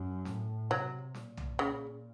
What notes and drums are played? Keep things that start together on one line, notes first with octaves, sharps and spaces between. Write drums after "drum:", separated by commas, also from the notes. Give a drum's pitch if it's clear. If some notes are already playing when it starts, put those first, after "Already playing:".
Already playing: F#2
A2, drum: snare
C3 F#3
A#2, drum: snare
drum: tom B1
C#3